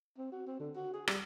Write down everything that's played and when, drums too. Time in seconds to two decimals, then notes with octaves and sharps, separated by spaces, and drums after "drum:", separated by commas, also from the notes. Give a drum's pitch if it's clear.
0.18 C4
0.32 F#4
0.47 C4
0.60 D3
0.76 F#4
0.93 G#4
1.08 G3, drum: rim click